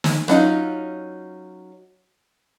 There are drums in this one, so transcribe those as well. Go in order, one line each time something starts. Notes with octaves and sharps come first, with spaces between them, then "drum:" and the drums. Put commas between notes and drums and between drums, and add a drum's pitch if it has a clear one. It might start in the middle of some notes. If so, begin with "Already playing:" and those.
drum: snare
F#3 C#4 D#4 F4, drum: rim click